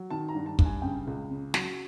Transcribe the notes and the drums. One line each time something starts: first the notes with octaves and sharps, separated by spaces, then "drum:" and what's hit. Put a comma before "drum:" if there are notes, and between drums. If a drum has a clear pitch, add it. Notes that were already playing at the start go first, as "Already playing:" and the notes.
Already playing: F#3
D#3 A5
A#5
G2
A5
G2, drum: kick
G#5
C#3 G5
C#2
C#3
F#3, drum: snare